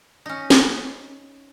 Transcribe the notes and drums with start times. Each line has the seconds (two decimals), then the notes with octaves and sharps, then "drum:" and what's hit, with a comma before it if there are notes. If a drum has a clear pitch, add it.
0.26 C#4 D#4
0.50 drum: snare